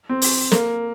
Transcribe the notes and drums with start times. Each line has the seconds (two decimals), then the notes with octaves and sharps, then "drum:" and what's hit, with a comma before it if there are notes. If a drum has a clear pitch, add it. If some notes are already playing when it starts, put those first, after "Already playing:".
0.09 C4
0.22 drum: open hi-hat
0.52 A#3, drum: snare